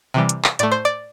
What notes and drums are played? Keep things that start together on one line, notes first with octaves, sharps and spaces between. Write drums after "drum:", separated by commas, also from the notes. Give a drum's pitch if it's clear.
C3 E3 G3
drum: hi-hat
drum: clap
A2 A3 D5, drum: hi-hat
C5
D5